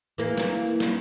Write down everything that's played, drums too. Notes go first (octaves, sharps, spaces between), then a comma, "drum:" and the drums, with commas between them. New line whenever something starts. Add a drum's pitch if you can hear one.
E3 A#3
drum: snare
drum: snare